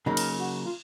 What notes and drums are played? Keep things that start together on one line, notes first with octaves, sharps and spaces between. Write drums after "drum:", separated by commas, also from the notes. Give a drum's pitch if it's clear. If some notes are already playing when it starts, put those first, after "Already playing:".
C#3 F#3 A#3 D#4 A#4
drum: cymbal
F#4
F4